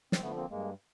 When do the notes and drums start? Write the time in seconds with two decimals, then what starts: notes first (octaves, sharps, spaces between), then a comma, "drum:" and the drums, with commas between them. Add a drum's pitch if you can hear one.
0.12 C4, drum: snare
0.21 D3 F3 A3 B3
0.36 A#3 C4
0.50 G2 G#3 A#3